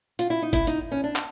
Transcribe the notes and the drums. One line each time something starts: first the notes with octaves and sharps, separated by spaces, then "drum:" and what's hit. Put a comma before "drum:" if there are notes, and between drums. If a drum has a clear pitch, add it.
F4, drum: hi-hat
E4
D#4
E4, drum: kick G1, hi-hat
D#4, drum: hi-hat
C#4
D4
drum: clap